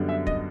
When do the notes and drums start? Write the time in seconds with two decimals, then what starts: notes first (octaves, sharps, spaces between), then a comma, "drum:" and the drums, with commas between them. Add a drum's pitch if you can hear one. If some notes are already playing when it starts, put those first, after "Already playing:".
Already playing: F#2 D3 G3 B3
0.09 E5
0.27 D#5, drum: kick